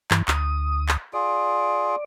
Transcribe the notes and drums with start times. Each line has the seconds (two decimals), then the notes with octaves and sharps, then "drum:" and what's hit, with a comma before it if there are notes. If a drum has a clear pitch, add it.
0.11 G2 E3, drum: clap
0.28 D2 D#6, drum: clap
0.89 drum: clap
1.13 F4 G#4 D5